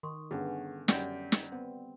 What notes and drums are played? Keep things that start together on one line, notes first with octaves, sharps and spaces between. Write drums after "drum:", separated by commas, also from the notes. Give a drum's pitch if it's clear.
D#3 C6 C#6 D#6
G2 D3 B3 C#4 G#4 F#5
F#2 G3 D5 G5, drum: snare
drum: snare
B3 C4